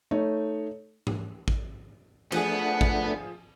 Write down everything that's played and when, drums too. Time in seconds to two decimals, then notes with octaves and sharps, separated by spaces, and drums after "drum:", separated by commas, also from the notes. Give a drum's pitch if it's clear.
0.11 A3 D#4 C#5
1.07 drum: tom G#2
1.48 drum: kick
2.32 F3 A3 B3 D4 G#4 F#5, drum: cymbal
2.81 drum: kick